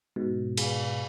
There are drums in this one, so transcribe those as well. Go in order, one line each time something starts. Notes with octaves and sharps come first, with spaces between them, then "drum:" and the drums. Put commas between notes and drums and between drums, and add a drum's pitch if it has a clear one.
G#2 B2
drum: cymbal